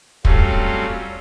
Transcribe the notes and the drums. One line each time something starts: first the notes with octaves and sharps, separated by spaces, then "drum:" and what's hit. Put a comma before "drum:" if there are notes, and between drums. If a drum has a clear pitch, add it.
F#3 G3 A3 C4 C#4 F4, drum: kick